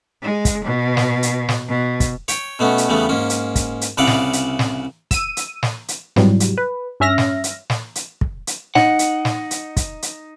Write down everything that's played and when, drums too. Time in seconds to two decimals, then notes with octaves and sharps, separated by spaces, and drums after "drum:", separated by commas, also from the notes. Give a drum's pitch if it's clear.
0.23 G#3
0.45 drum: kick, hi-hat
0.65 B2
0.97 drum: snare
1.23 drum: hi-hat
1.49 drum: snare
1.69 B2
2.00 drum: kick, hi-hat
2.28 C#5 G5, drum: hi-hat
2.59 B2 A3 B3 C#4
2.78 drum: hi-hat
2.88 E2 C#3 G3 A3 B3
3.09 G#2 A#3 C#4
3.30 drum: hi-hat
3.56 drum: kick, hi-hat
3.81 drum: hi-hat
3.98 C2 C#3 E4 D5 F5 F#5
4.07 drum: snare
4.33 drum: hi-hat
4.59 drum: snare
5.11 E6 D#7, drum: kick, hi-hat
5.37 drum: hi-hat
5.63 drum: snare
5.88 drum: hi-hat
6.16 G#2 C3 E3 F#3 G3, drum: snare
6.40 drum: hi-hat
6.58 B4
7.00 G2 C#4 E5 F6 A#6
7.18 drum: snare
7.44 drum: hi-hat
7.70 drum: snare
7.95 drum: hi-hat
8.21 drum: kick
8.47 drum: hi-hat
8.75 D#4 F#5, drum: snare
8.99 drum: hi-hat
9.25 drum: snare
9.51 drum: hi-hat
9.77 drum: kick, hi-hat
10.02 drum: hi-hat